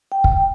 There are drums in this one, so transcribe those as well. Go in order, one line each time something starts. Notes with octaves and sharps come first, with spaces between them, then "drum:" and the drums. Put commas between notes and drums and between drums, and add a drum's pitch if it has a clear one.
G5
drum: kick